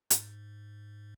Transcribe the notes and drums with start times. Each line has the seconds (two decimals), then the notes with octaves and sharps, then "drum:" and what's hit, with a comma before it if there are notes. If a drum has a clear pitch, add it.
0.10 G#2, drum: hi-hat